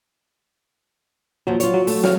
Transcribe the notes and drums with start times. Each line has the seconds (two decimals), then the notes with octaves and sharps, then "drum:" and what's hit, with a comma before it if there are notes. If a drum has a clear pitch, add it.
1.47 D#2 F3 F#3
1.60 F4 C#5, drum: hi-hat
1.74 F#3
1.87 A3, drum: open hi-hat
2.04 F#4 C#5 F5, drum: snare